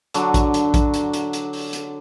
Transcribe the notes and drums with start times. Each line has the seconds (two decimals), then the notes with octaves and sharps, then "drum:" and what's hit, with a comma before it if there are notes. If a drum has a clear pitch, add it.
0.14 D3 F#3 D4 F#4, drum: hi-hat
0.34 drum: kick A#1, hi-hat
0.54 drum: hi-hat
0.74 drum: kick A#1, hi-hat
0.94 drum: hi-hat
1.14 drum: hi-hat
1.33 drum: hi-hat
1.53 drum: open hi-hat
1.73 drum: hi-hat